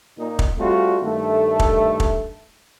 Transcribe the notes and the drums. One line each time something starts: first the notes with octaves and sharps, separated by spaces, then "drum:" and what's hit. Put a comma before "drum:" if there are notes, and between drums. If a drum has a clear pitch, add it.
A#2 D#4
drum: kick
G3 A3 C4 F4 F#4
G2 D#3 A3
drum: kick
drum: kick